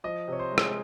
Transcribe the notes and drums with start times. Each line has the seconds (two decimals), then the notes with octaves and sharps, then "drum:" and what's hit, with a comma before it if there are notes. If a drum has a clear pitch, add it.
0.04 F3 D#5
0.28 C3 C#5
0.39 C5
0.52 G#3
0.58 G#4, drum: rim click